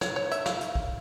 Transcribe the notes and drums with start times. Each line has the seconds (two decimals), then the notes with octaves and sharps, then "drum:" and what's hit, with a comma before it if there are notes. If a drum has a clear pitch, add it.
0.01 C#5, drum: snare
0.16 C#5
0.31 E5, drum: hi-hat
0.46 F5, drum: snare
0.61 drum: hi-hat
0.75 drum: kick B1